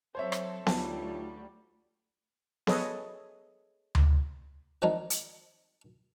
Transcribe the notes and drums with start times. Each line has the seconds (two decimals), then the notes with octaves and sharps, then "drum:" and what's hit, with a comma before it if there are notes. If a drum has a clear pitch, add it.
0.15 F#3 C4 A4 C5 C#5 E5
0.32 drum: rim click
0.67 D2 F#3 G3 D#4 F4 A5, drum: snare B3
2.67 G#4 A4 B4 C#5 D#5, drum: snare B3
3.95 drum: tom D2
4.82 D#3 F3 G#3 C4 D4 D#4
5.10 drum: hi-hat